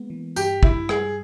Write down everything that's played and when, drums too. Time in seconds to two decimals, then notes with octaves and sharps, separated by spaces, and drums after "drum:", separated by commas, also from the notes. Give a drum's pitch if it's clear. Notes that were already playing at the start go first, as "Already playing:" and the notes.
Already playing: G#3 A#3 B3
0.10 E3
0.36 G2 G4, drum: tambourine
0.63 G2 E4, drum: kick
0.89 G3 G#4, drum: rim click